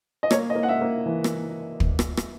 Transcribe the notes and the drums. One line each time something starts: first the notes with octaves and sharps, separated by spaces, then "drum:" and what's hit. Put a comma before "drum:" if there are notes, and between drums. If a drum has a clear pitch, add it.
D#5
A#3 C#5, drum: rim click
D#5
A#3
F#5
E5
A#3
E3
drum: rim click
drum: kick
drum: rim click
drum: rim click